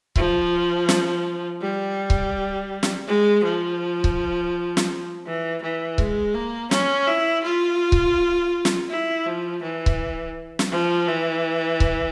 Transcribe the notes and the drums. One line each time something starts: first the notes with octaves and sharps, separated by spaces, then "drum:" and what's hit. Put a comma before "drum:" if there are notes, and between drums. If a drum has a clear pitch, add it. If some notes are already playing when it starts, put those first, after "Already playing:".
F3, drum: kick C#1
drum: snare
G3
drum: kick C#1
drum: snare
G#3
F3
drum: kick C#1
drum: snare
E3
E3
G#3, drum: kick C#1
A#3
C#4, drum: snare
E4
F4
drum: kick C#1
drum: snare
E4
F3
E3
drum: kick C#1
drum: snare
F3
E3
drum: kick C#1